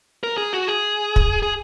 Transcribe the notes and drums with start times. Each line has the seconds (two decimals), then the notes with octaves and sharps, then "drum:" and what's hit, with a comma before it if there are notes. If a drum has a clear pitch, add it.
0.23 A#4
0.38 G#4
0.53 F#4
0.67 G#4
1.16 drum: kick
1.43 G#4